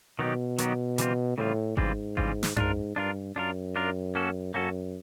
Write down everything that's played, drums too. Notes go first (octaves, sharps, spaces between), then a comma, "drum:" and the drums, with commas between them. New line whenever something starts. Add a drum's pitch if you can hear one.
B2 D#3 F#3 B3 D#4 G4
D#3 F#3 B3 D#4 G4, drum: hi-hat
C#3 E3 G3 C4 F4, drum: hi-hat
A2 C#3 E3 G3 C4 F4
G#2 C#3 E3 G3 C4 F4, drum: kick G#1
C#3 E3 G3 C4 F4, drum: kick G#1
drum: snare
G#2 D4 F4 A#4, drum: tom F#2
G2 D4 F4 A#4
F#2 D4 F4 A#4
D4 F4 A#4
A#3 C#4 F#4 A4
F#2 A#3 C#4 F#4 A4